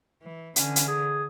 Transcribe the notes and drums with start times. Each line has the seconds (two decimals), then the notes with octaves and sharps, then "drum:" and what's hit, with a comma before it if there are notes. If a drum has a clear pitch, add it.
0.22 E3
0.56 D3 E3 C#4, drum: hi-hat
0.76 drum: hi-hat
0.88 G#4